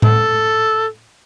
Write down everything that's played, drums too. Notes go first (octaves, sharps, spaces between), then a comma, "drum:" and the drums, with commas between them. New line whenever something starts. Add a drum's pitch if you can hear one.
A4, drum: tom A2